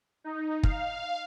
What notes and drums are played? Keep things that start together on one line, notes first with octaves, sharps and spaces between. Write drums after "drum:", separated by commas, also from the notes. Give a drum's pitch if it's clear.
D#4
F5, drum: kick